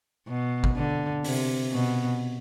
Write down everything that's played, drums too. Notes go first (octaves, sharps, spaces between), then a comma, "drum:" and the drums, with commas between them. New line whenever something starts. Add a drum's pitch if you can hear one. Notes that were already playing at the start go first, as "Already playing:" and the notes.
B2
drum: kick
D3
C3, drum: open hi-hat
B2